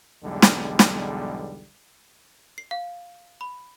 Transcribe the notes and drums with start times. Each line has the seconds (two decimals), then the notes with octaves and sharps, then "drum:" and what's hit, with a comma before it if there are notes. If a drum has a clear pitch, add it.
0.23 B1 E2 D3 G3 G#3
0.42 drum: snare
0.79 drum: snare
2.58 C7
2.71 F5
3.41 B5